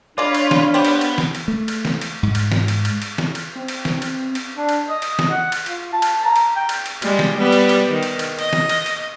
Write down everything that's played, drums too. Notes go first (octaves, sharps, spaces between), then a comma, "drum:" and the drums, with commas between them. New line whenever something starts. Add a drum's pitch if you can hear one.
G#3 D4 F4 C#5 D5 F5 B5
drum: cymbal
drum: snare
B3 G4 B4 C5
drum: cymbal
drum: cymbal
drum: snare
drum: cymbal
A3
drum: cymbal
drum: snare
drum: cymbal
G#2
drum: cymbal
drum: snare
drum: cymbal
drum: cymbal
drum: cymbal
drum: snare
drum: cymbal
C4
drum: cymbal
drum: snare
drum: cymbal
drum: cymbal
D4
drum: cymbal
D#5
drum: cymbal
drum: snare
F#5
drum: cymbal
F4, drum: cymbal
A5
drum: cymbal
A#5
drum: cymbal
G5
drum: cymbal
drum: cymbal
G3 G#3, drum: cymbal
drum: snare
G3 B3
drum: cymbal
drum: cymbal
D#3
drum: cymbal
drum: cymbal
D#5, drum: cymbal
drum: snare
drum: cymbal
drum: cymbal